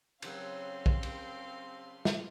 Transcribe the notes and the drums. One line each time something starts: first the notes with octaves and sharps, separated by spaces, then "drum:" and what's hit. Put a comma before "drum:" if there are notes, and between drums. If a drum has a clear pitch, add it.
C#3 F#3 C4 F5 C6, drum: cymbal
drum: kick
drum: cymbal
drum: snare